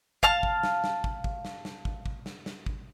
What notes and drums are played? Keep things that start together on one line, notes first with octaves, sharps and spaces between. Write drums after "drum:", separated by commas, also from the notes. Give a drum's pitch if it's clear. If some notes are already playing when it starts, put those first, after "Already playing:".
F5 A5 F6, drum: kick
drum: kick
drum: snare
drum: snare
drum: kick
drum: kick
drum: snare
drum: snare
drum: kick
drum: kick
drum: snare
drum: snare
drum: kick